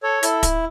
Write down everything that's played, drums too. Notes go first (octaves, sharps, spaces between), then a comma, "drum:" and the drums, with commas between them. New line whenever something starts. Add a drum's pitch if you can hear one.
A4 C#5
E4 A4, drum: hi-hat
drum: kick, hi-hat